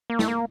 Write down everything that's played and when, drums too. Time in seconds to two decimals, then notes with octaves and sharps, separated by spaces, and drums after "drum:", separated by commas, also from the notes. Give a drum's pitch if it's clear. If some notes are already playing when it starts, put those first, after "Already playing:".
0.10 A#3
0.19 A3, drum: snare
0.28 A#3